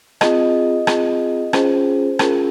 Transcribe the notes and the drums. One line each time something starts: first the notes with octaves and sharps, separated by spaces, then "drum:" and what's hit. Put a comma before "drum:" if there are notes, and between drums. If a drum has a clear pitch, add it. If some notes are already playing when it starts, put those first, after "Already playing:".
C4 F4 G#4 D#5, drum: rim click
C4 F4 G#4, drum: rim click
C#4 F4 G#4 C5, drum: rim click
C#4 F4 G#4 A#4, drum: rim click